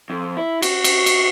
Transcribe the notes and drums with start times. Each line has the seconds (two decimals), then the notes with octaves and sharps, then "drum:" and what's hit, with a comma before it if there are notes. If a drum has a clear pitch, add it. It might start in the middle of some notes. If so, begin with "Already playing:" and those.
0.10 F2
0.37 E4
0.62 F#4, drum: cymbal
0.84 drum: cymbal
1.06 drum: cymbal